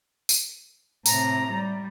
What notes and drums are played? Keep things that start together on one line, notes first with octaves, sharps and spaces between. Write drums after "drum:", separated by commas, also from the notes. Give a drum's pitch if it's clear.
drum: tambourine
A2 C3 A#5, drum: tambourine
G3